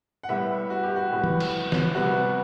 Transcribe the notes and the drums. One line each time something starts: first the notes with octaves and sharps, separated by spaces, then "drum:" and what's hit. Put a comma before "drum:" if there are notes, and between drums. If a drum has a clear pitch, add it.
F#5
A2 G3 B3 E5
F#4
G4
F#4
A2 G3 B3
drum: tom E3
drum: cymbal
drum: snare
C3 G3 B3 F#4